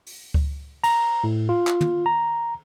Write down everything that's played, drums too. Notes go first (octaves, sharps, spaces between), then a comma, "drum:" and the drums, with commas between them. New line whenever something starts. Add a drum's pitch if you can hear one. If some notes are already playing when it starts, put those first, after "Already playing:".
drum: open hi-hat
drum: kick C#2
A#5, drum: cymbal
A2
F4
drum: clap
drum: tom
A#5